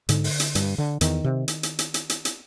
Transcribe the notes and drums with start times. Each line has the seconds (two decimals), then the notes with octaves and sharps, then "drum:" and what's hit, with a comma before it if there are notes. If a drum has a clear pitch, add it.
0.09 G#2 D3, drum: hi-hat
0.24 drum: open hi-hat
0.40 drum: hi-hat
0.55 G2, drum: hi-hat
0.78 D3
1.01 E2 D#3, drum: hi-hat
1.24 C3
1.48 drum: hi-hat
1.63 drum: hi-hat
1.79 drum: hi-hat
1.94 drum: hi-hat
2.10 drum: hi-hat
2.25 drum: hi-hat